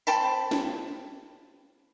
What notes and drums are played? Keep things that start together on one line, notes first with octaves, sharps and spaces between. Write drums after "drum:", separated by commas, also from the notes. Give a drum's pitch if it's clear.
C4 G5 A5 B5, drum: tambourine
drum: snare